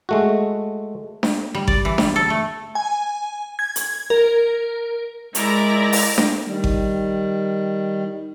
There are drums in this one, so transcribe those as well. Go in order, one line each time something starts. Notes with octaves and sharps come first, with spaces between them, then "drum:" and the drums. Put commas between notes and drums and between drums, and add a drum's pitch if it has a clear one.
G#3 A3 F#4
drum: snare D4
G3
D5, drum: kick G#1
E3
G3, drum: snare D4
A4
A3
G#5
G#6
drum: hi-hat
A#4
G#3 E4 A#4 D5 A#5, drum: hi-hat
drum: open hi-hat
drum: snare D4
D#3 G3
drum: kick G#1